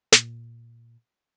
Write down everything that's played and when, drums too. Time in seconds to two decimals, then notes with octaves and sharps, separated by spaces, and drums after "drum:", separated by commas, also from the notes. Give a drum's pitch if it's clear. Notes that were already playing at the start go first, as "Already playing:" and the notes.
0.12 A#2, drum: snare